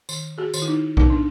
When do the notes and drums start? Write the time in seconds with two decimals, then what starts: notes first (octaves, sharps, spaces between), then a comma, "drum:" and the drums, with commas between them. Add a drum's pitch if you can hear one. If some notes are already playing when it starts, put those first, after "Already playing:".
0.09 D#3, drum: tambourine
0.38 F#4 G#4
0.54 D#3, drum: tambourine
0.62 E4
0.68 D#4
0.97 B3 D#4, drum: kick B1
1.10 D4